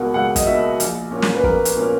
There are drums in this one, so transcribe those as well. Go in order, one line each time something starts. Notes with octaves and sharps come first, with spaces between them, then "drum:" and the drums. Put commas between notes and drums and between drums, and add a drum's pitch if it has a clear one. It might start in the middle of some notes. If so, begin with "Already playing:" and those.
Already playing: C#2 B2 A#3 F#5
C#2 F#5
D#5, drum: kick, hi-hat
B2 A#3 E5
A#1, drum: hi-hat
A#2 A#3 C#4
drum: snare
B4
A#1 A#4, drum: kick
drum: hi-hat
A#2 A#3 C#4